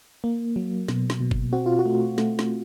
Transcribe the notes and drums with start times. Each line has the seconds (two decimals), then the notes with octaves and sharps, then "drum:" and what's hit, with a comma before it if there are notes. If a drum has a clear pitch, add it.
0.24 A#3
0.56 F#3
0.88 B2, drum: snare
1.10 drum: snare
1.20 B2
1.31 drum: kick
1.53 C4 F#4
1.66 F4
1.79 F#4
1.86 A3
2.18 A3, drum: snare
2.39 drum: snare